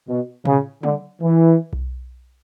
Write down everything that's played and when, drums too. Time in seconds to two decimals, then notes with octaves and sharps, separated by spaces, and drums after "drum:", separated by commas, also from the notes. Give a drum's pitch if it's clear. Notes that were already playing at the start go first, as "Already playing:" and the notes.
0.08 B2
0.45 C#3, drum: tom
0.83 D3, drum: tom
1.21 E3
1.73 drum: kick B1